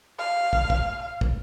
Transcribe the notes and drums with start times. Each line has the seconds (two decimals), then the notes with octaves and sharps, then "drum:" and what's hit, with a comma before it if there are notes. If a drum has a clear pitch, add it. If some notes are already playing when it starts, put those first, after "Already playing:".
0.19 F5
0.53 drum: kick
0.70 drum: kick
1.21 drum: kick